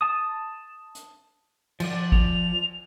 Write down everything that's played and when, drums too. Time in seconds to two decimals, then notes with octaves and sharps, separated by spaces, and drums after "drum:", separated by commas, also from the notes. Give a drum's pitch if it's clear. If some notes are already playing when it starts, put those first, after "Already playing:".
0.01 A5 D#6
0.95 drum: hi-hat
1.80 F3 D5, drum: cymbal
2.12 F7, drum: kick G#1